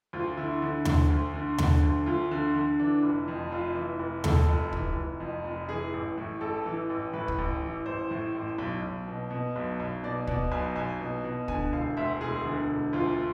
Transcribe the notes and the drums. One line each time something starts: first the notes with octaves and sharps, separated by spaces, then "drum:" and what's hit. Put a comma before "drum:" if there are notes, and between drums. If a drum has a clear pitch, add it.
D2 F4
D3 E4
D3
D2, drum: tom D#2
D2
D3
D3, drum: tom D#2
D2
D2 F4
D3
D3
E3 D4
F1
F2
F1 F4
E3
F1
F2 A4, drum: tom D#2
F1
E3, drum: kick
F1
F2
F1
E3 G#4
A1
A2
A1 A4
E3
A1
A2 B4
drum: kick
A1
E3
A1 C5
A2
A1
B1
B1
B2
B2
B1
B1
B2 D5
B2 D5, drum: kick
B1 G#5
B1 G#5
B2
B2
D3 G#5, drum: kick
E1 F5
D2 E5
E1 G#4
D3
E1
D2 F4